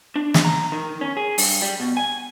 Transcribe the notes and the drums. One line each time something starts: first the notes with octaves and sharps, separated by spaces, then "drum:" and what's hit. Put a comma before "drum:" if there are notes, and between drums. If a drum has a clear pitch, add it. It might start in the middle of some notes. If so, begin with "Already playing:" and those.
D4
drum: snare
A#5
D#3
C#4
G#4
G2, drum: open hi-hat
G3
B2
G#5